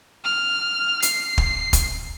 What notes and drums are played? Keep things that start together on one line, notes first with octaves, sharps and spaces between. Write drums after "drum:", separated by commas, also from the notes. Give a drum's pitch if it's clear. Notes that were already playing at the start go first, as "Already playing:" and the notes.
F6
C7, drum: hi-hat
drum: kick
drum: kick, hi-hat